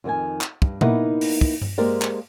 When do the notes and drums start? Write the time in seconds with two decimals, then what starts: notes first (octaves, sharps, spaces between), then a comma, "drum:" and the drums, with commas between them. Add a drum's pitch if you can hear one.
0.04 F2 D#3 G5 G#5
0.41 drum: clap
0.62 G2, drum: kick
0.81 A#3 B3 D#4 E4 F#5, drum: tom A#2
1.21 drum: open hi-hat
1.41 drum: kick
1.61 drum: tom G2
1.78 G#3 A#3 G4 A#4 C5 D5
2.02 drum: clap